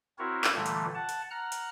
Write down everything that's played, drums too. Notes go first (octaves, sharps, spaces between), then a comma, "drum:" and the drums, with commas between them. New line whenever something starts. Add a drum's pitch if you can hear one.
C4 E4 F#4 A#4 C#5
drum: clap
A#2 D3 E3 G3 A3
drum: hi-hat
F#5 A5
drum: hi-hat
F#5 A#5 F6 F#6
drum: hi-hat